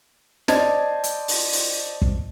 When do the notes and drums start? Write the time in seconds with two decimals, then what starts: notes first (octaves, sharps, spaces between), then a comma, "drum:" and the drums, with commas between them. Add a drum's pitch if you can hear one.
0.48 C5 D5 D#5 A5 G#6, drum: snare
1.04 drum: hi-hat
1.28 drum: open hi-hat
1.52 drum: open hi-hat
2.02 drum: kick